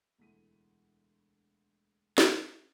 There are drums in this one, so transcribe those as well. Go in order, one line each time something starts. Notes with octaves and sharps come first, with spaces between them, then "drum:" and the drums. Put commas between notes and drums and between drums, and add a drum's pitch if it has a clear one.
E1 D2 E3 A4 B6 D#7
drum: snare